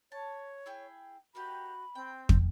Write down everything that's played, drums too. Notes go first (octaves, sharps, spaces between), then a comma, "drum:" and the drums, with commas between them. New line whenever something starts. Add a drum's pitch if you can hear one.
C#5 A5
E4 G#4 G5
A#3 D#4 F#4 G4 B5
C4 G5
drum: kick